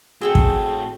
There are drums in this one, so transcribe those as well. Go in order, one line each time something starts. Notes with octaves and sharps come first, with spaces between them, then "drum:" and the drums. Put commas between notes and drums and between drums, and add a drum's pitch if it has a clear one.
A2 C4 F#4 G#4 A4 G5 E6
drum: kick